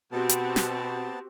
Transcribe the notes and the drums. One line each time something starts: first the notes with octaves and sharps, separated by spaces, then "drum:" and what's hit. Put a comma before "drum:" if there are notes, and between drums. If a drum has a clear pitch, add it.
B2 B3 C4 F#4 G4 A5
drum: hi-hat
drum: snare